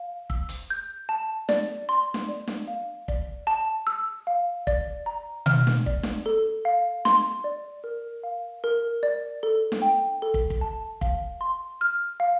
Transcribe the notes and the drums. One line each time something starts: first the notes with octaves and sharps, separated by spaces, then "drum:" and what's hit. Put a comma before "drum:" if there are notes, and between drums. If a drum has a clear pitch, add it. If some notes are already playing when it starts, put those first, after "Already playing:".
Already playing: F5
E6, drum: kick
drum: hi-hat
G6
A5
D5, drum: snare
C6
drum: snare
D5
drum: snare
F5
D5, drum: kick
A5
E6
F5
D5, drum: kick
A#5
F6, drum: tom B2
drum: snare
D5, drum: kick
drum: snare
A4
F5
C6, drum: snare
D5
A#4
F5
A#4
D5
A4
drum: snare
G5
A4
drum: kick
drum: kick
A5
F5, drum: kick
C6
F6
F5